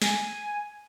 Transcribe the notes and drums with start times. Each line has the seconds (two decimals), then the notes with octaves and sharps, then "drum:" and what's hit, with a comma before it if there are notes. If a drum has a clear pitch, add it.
0.02 G#5, drum: snare